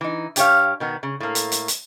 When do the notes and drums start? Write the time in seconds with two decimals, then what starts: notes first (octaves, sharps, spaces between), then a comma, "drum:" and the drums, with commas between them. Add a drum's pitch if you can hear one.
0.01 E3 D#4
0.36 G2 G4 C#5 F5, drum: hi-hat
0.80 B2 D#3 B3
1.03 C#3
1.20 A2 A#3
1.35 drum: hi-hat
1.52 drum: hi-hat
1.68 drum: hi-hat